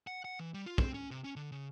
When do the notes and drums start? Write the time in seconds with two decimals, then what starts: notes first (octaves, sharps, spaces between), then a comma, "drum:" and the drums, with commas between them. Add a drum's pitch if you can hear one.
0.07 F#5
0.25 F#5
0.39 E3
0.54 G3
0.66 F4
0.78 C4, drum: kick
0.94 C#4
1.11 C3
1.24 C#4
1.36 D3
1.52 C#3